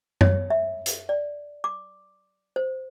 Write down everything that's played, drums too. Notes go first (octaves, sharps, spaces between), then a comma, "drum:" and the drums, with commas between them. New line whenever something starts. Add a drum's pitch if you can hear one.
C#5, drum: tom F#2
E5
drum: hi-hat
D5
D6
C5